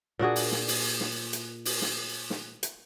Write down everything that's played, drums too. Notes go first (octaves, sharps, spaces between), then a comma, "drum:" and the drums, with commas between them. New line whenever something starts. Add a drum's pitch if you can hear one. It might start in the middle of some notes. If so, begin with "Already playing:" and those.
A#2 D4 F#4 G#4
drum: open hi-hat
drum: snare
drum: open hi-hat
drum: snare
drum: hi-hat
drum: open hi-hat
drum: snare
drum: snare
drum: hi-hat